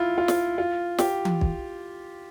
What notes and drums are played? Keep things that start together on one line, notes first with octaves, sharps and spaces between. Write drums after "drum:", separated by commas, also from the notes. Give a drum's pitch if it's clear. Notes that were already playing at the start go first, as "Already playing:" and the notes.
Already playing: E4 F4
F4
drum: snare
F4
G4, drum: snare
drum: tom E3
drum: kick